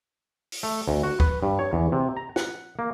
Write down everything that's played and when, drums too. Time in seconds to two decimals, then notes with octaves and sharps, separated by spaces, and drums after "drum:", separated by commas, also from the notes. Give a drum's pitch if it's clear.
0.52 drum: open hi-hat
0.63 A3
0.88 D2
1.03 F#4
1.20 B4, drum: kick
1.43 G2
1.59 C#5
1.73 E2
1.92 C3
2.17 A#5
2.36 F#5, drum: snare
2.79 A#3